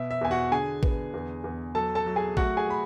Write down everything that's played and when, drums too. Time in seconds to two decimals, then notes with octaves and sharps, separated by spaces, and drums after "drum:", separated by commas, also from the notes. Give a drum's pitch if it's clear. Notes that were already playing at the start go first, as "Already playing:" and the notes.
Already playing: B2 E5
0.11 E5
0.21 E2 G#5
0.31 F#4 F#5
0.51 D3 G#4 G#5
0.83 B3, drum: kick A1
1.14 E2
1.44 E2
1.75 F#3 A4 A5
1.95 A4 A5
2.06 F#3
2.16 G#4 G#5
2.37 A3 F#4 F#5, drum: kick A1
2.57 G#4 G#5
2.67 A3 B5